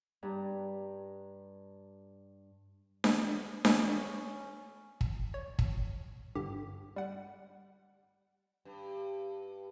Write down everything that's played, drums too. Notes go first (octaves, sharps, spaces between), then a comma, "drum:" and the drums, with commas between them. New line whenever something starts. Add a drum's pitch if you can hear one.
G2 G4 A#5
drum: snare D4
C#4, drum: snare D4
drum: kick
C#5
drum: kick
G2 D3 G4
G3 F#5
G2